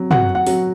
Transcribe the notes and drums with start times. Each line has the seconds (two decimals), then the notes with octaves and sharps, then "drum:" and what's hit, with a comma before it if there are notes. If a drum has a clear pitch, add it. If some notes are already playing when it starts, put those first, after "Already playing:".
Already playing: F#3 C4
0.11 F#4 F#5, drum: tom
0.35 F#5
0.47 F#3, drum: open hi-hat